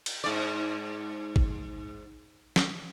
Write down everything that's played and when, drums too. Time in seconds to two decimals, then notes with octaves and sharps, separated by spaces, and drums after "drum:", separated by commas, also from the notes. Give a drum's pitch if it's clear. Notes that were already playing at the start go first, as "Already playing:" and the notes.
0.06 drum: cymbal
0.24 G#2 D5
1.36 drum: kick G#1
2.56 drum: snare